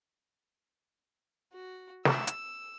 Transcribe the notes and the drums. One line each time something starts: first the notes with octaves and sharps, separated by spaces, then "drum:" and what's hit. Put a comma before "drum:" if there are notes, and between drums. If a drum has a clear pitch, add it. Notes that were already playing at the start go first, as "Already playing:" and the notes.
F#4
E6, drum: snare
drum: hi-hat